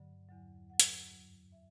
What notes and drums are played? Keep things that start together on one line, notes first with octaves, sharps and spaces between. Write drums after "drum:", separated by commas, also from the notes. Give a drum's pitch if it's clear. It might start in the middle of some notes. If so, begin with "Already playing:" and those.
Already playing: G2 D3 F#3
E2 D3 F#3
A2 F#3 F#5
drum: hi-hat
F#2 F#3
E5